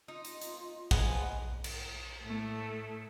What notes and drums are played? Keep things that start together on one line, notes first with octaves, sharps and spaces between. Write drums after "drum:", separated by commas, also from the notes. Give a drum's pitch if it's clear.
D#4 F4
drum: hi-hat
drum: hi-hat
F3 G#3 F4 G#4 B4 F#5, drum: kick
drum: cymbal
A2 A3